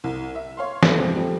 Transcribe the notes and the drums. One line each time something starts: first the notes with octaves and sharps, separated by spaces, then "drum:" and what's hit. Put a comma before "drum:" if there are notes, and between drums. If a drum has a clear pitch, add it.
C2
E5
C#5 F5 C6
G#1 D#3 E3 A3 B3 F#7, drum: snare
F2 C3 F3 G3 G#3 D4
F3 G3 A3 C4